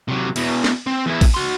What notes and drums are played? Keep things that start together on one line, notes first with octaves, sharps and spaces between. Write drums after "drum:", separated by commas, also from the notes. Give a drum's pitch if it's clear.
C3 F#3
E2 B2, drum: cymbal
drum: snare
C4
E2 E4
drum: kick A1, cymbal
F#4 C6